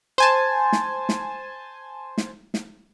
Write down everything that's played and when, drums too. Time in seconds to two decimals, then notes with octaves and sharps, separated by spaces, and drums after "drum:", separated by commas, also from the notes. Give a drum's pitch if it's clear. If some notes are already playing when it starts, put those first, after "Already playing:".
0.18 C5 G#5 A5
0.72 drum: snare
1.09 drum: snare
2.18 drum: snare
2.54 drum: snare